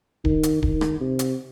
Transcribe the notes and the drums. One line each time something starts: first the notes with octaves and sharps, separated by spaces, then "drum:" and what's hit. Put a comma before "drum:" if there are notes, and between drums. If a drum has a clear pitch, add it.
D#3, drum: kick D1
drum: hi-hat
D#3, drum: kick D1
drum: rim click
C3
drum: hi-hat